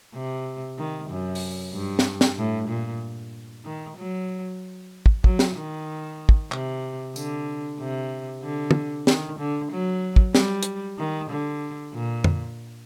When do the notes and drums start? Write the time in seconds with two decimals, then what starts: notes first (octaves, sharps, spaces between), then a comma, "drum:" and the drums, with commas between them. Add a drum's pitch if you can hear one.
0.15 C3
0.78 D#3
1.10 F#2
1.35 drum: open hi-hat
1.74 G2
1.99 drum: snare
2.21 drum: snare
2.38 A2
2.69 A#2
3.65 D#3
3.97 F#3
5.06 drum: kick
5.24 F#3, drum: kick
5.39 drum: snare
5.56 D#3
6.29 drum: kick
6.52 C3, drum: clap
7.16 D3, drum: tambourine
7.80 C3
8.43 D3
8.71 drum: tom
9.07 D#3, drum: snare
9.39 D3
9.72 F#3
10.16 drum: kick
10.35 G3, drum: snare
10.63 drum: hi-hat
10.99 D#3
11.30 D3
11.94 A#2
12.24 drum: tom F2